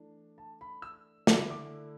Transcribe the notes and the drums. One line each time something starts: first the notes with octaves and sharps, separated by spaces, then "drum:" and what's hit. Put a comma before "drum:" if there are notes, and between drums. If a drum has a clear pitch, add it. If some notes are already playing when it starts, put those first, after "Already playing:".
Already playing: E3 A3 D4
A5
B5
E6
D3 A3 E4 D6, drum: snare
D6